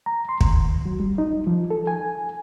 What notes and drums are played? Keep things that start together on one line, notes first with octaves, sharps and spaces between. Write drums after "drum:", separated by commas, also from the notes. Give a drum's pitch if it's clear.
A#5
C6
D#2, drum: kick
F#3
G3
D#4
F3
A4
G#5